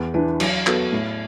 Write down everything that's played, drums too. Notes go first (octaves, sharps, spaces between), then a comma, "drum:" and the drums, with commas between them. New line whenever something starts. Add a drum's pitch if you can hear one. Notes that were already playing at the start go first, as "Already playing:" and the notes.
Already playing: E2
E3 D4 B4
F#3, drum: cymbal
B3 F#4 A4, drum: clap
A2